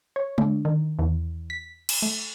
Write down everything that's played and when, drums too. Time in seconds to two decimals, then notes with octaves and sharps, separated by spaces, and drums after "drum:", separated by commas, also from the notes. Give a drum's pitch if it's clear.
0.16 C#5
0.38 D3, drum: tom G#3
0.65 D#3
0.99 E2
1.50 B6
1.89 drum: cymbal
2.02 A3